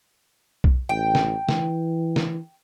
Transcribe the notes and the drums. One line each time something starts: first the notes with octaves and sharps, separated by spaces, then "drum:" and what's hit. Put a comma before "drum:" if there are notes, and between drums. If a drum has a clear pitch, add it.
drum: kick B1
A1 G5
drum: snare
E3, drum: snare
drum: snare